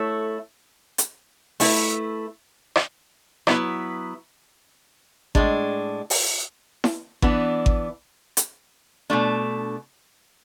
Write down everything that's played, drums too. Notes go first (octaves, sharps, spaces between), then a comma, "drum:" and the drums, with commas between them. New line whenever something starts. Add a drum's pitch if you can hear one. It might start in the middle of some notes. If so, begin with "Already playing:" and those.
Already playing: A3 E4 A4 C#5
drum: hi-hat
A3 E4 B4, drum: open hi-hat
drum: rim click
F#3 B3 E4 B4, drum: rim click
A2 G#3 D4, drum: kick G#1
drum: open hi-hat
drum: snare E4
E3 B3 D4, drum: kick G#1
drum: kick G#1
drum: hi-hat
B2 A3 D4